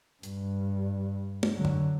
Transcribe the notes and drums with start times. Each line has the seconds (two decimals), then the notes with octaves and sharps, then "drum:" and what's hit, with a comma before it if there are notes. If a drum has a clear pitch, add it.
0.23 G2, drum: hi-hat
1.43 drum: tom
1.55 D3 F#3
1.65 drum: tom